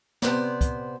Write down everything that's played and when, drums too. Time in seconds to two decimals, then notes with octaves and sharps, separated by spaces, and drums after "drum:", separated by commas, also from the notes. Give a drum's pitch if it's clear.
0.22 C3 B3 C5 D5, drum: snare
0.61 drum: kick, hi-hat